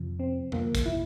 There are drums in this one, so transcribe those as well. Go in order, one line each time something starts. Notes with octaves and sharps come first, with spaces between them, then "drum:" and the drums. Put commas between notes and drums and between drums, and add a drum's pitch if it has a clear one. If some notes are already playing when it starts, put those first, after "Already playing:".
Already playing: F2 C3 F3
C4
F2 C3 F3 A#3, drum: tom F2
drum: kick, hi-hat
E4